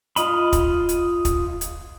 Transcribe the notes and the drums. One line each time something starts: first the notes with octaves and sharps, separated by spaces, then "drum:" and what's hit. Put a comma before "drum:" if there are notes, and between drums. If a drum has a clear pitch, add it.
F4 D#5 B5, drum: hi-hat
drum: kick, hi-hat
drum: hi-hat
drum: kick, hi-hat
drum: hi-hat